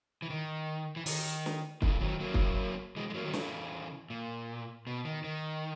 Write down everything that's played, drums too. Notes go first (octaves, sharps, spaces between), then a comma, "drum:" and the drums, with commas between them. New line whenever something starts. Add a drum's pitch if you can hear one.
E3
D#3
E3
D#3, drum: open hi-hat
drum: snare
C#3 E3, drum: kick
D#3 F#3
F#3 A#3
drum: kick
E3 G#3
G#3
F#3 A#3
D#3 F#3
C#3 E3, drum: snare
A#2
B2
D#3
D#3